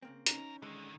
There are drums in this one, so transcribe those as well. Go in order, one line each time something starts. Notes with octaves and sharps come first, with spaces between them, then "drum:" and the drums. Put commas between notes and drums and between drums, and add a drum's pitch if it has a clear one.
C#3 A#3 C4
E2 C#4 D#4 A#4, drum: hi-hat
D3 D#3 G#3